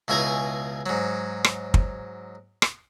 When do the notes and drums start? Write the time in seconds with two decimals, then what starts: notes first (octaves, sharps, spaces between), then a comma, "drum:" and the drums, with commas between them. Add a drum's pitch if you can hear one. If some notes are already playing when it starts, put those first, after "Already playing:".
0.08 C#2 B2 E4 G#4 G#5 A#5
0.86 G#2 F#3
1.44 drum: rim click
1.74 drum: kick
2.62 drum: rim click